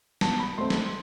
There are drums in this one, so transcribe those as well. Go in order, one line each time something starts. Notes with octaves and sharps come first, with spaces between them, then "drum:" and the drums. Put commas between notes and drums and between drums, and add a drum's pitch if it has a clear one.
B2 A5, drum: snare
B5
A3 C4 C6
drum: snare